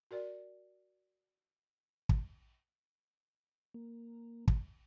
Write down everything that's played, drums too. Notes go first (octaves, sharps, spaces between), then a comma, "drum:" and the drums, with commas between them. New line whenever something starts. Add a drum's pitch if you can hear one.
F#4 A#4 D5
drum: kick
A#3
drum: kick